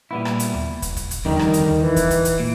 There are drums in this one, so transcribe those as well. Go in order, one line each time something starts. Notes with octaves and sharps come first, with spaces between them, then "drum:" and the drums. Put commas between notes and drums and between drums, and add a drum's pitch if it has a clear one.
A#2 G3 B3 E4
drum: rim click
drum: hi-hat
drum: tom D#2
drum: kick, hi-hat
drum: kick, hi-hat
drum: hi-hat
F2 D3 D#3 G3, drum: tom D#2
drum: rim click
drum: hi-hat
drum: tom D#2
E3
drum: kick, hi-hat
drum: kick, hi-hat
drum: hi-hat
A#2